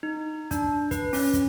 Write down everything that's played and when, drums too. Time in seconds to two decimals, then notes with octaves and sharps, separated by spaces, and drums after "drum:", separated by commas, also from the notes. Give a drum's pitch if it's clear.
0.03 D#4
0.51 D4, drum: kick, hi-hat
0.91 B4, drum: kick, hi-hat
1.13 C#4, drum: open hi-hat
1.33 drum: kick, hi-hat